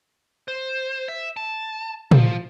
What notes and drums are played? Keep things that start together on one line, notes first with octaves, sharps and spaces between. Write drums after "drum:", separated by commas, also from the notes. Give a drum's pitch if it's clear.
C5
E5
A5
F3, drum: tom